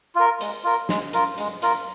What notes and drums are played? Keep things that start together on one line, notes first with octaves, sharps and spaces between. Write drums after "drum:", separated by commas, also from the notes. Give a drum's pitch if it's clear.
F4 A#4
G#3, drum: hi-hat
F4 A#4
G#3, drum: snare
F4 A#4, drum: hi-hat
G#3, drum: hi-hat
F4 A#4, drum: hi-hat